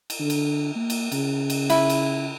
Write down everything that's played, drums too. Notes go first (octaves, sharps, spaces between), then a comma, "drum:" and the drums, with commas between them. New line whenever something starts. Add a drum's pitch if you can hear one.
drum: cymbal
D3
drum: cymbal
A#3
drum: cymbal
C#3, drum: cymbal
drum: cymbal
E4, drum: cymbal
drum: cymbal